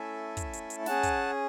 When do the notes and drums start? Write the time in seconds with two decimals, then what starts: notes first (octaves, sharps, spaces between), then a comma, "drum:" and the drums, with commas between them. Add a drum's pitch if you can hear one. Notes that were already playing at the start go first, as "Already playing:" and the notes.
Already playing: A3 C#4 E4 A4 E5 G#5
0.37 drum: kick, hi-hat
0.53 drum: hi-hat
0.70 drum: hi-hat
0.86 C#4 G#4 F#5 A5, drum: snare
1.03 drum: kick, hi-hat